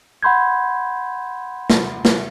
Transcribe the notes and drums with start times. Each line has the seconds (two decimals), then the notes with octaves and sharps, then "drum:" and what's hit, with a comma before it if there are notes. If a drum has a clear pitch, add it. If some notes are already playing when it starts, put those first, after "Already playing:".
0.23 F#5 B5 C6 G6 G#6
1.70 drum: snare
2.05 drum: snare